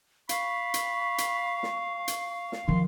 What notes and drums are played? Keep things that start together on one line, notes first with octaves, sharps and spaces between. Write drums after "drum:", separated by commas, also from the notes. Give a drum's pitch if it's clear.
F5 B5 C#6, drum: hi-hat
drum: hi-hat
drum: hi-hat
drum: snare
drum: hi-hat
drum: snare
D#3 F3 C6